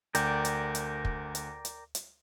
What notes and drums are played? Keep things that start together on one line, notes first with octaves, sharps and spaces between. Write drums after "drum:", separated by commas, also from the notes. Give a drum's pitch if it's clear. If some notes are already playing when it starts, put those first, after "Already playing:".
D2 A#4 D5 G5, drum: hi-hat
drum: hi-hat
drum: hi-hat
drum: kick
drum: hi-hat
drum: hi-hat
drum: hi-hat